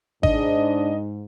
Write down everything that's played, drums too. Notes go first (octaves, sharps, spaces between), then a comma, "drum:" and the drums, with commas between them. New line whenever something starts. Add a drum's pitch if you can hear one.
G#2 D4 D#5, drum: kick G#1